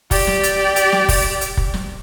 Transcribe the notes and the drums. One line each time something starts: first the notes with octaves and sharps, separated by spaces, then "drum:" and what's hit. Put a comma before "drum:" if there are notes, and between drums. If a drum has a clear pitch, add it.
G4 D5, drum: kick, open hi-hat
drum: snare
drum: hi-hat
drum: hi-hat
drum: snare
drum: kick, open hi-hat
drum: hi-hat
drum: kick
drum: snare